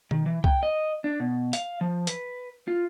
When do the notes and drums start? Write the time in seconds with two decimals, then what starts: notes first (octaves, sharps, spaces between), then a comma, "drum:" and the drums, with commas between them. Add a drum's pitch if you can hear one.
0.11 D#3, drum: tom B2
0.26 E3
0.44 G5, drum: kick C2
0.63 D#5
1.04 D4
1.20 B2
1.53 F5, drum: hi-hat
1.81 F3
2.07 B4, drum: hi-hat
2.68 F4